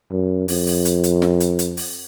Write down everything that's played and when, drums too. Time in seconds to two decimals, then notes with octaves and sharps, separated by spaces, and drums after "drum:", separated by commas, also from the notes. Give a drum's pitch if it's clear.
0.11 F#2
0.48 F2, drum: open hi-hat
0.67 drum: open hi-hat
0.85 drum: hi-hat
1.04 drum: hi-hat
1.22 drum: snare
1.40 drum: hi-hat
1.59 drum: hi-hat
1.77 drum: open hi-hat